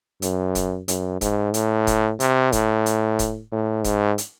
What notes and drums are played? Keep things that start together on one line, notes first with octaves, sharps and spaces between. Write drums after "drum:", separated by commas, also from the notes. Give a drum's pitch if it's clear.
F#2, drum: hi-hat
drum: kick E1, hi-hat
F#2, drum: hi-hat
G#2, drum: kick E1, hi-hat
A2, drum: hi-hat
drum: kick E1, hi-hat
C3, drum: hi-hat
A2, drum: kick E1, hi-hat
drum: hi-hat
drum: kick E1, hi-hat
A2
G#2, drum: kick E1, hi-hat
drum: hi-hat